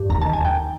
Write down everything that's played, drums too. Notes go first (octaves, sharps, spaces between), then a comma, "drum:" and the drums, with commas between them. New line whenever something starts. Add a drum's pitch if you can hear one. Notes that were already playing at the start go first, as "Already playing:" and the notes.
Already playing: G2
D#2 A#5, drum: kick D#2
A5
D#3
G#5
D#2 G5